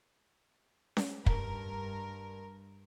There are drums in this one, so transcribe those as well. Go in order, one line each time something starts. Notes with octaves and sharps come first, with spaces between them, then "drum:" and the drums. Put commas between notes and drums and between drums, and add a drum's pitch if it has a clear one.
drum: snare C#4
G2 A#4, drum: kick